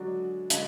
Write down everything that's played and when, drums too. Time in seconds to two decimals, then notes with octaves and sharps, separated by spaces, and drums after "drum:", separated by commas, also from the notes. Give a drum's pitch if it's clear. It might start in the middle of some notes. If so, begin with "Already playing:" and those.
Already playing: D3 F#3 G#3 D4 F#4
0.50 D3 G#3, drum: hi-hat